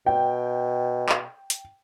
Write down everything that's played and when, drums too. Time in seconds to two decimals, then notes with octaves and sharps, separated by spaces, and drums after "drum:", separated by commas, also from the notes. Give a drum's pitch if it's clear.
0.06 B2 G5
1.09 drum: clap
1.50 drum: hi-hat